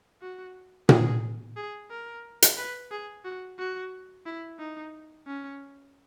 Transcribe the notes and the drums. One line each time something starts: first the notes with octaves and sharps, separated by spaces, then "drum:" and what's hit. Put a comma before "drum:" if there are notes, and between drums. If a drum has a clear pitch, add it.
F#4
G#4, drum: tom A#2
G#4
A#4
drum: hi-hat
B4
G#4
F#4
F#4
E4
D#4
C#4